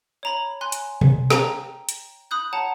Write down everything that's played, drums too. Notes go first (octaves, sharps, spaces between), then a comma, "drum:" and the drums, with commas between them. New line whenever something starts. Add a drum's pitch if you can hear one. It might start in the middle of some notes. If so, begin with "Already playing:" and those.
C#5 A#5 B5
G#5 C6 F#6
drum: hi-hat
drum: tom B2
G5 A#5, drum: snare
drum: hi-hat
B5 D#6 F#6 G6
C#5 F#5 A5 A#5